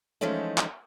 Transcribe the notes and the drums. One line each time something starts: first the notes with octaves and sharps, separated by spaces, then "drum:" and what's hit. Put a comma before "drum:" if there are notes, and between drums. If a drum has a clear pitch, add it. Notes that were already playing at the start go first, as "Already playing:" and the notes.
E3 F3 G#3 A3 C#4 D#4
drum: clap